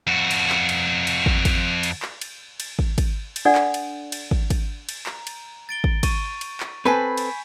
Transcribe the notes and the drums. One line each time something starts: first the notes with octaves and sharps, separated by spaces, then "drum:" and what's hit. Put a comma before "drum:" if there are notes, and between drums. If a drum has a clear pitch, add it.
F2 F#4
drum: cymbal
drum: clap
drum: cymbal
drum: cymbal
drum: kick
drum: kick, cymbal
drum: cymbal
drum: clap
drum: cymbal
drum: cymbal
drum: kick
drum: kick, cymbal
drum: cymbal
D4 A4 D5 F#5
drum: clap
drum: cymbal
drum: cymbal
drum: kick
drum: kick, cymbal
drum: cymbal
A#5, drum: clap
drum: cymbal
A6 D7 G7
drum: kick
C#6 D#7, drum: kick, cymbal
drum: cymbal
drum: clap
C4 A4 B4 G#5 B5 G6 B6 C7
drum: cymbal